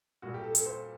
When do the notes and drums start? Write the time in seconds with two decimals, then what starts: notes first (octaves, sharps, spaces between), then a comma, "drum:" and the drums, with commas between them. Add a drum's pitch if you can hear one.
0.22 A#2 G3 F#4
0.34 G4
0.44 A4
0.55 A4, drum: hi-hat
0.66 C5